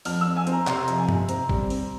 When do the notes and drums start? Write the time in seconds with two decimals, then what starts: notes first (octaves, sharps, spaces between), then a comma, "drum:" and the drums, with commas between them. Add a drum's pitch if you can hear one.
0.05 F2 F6, drum: open hi-hat
0.21 F2 E6
0.36 G#5
0.47 C4, drum: hi-hat
0.52 A#5
0.67 C3 C6, drum: clap
0.83 A#5
0.88 F2, drum: hi-hat
0.98 G#5
1.09 C3, drum: tom G2
1.29 C4 A#5, drum: hi-hat
1.49 G3, drum: kick
1.70 C4, drum: open hi-hat